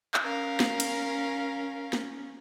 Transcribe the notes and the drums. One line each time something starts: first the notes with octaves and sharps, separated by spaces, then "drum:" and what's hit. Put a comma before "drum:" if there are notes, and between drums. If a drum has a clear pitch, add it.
drum: clap
C#4 A#4 F5
drum: snare
drum: cymbal
drum: snare